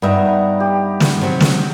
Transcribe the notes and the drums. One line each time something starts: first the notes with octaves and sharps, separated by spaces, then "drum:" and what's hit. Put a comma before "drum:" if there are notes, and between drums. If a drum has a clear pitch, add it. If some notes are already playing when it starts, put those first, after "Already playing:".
G2 B3 D#4 E5 A#5
G4
drum: snare
C3 F#3
drum: snare